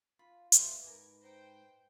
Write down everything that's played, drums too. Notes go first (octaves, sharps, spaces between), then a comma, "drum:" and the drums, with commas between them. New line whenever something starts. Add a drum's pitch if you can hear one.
F4 B5
B2 E4 C5 F5 C6, drum: hi-hat
G#2 A#4 B4 G#5 D6
D#4 C5 G5 A#5